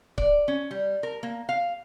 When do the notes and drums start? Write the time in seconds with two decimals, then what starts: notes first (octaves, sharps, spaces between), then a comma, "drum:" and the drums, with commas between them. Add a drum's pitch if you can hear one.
0.18 D5, drum: kick C#1
0.48 C#4
0.71 G3
1.03 A#4
1.23 A#3
1.49 F5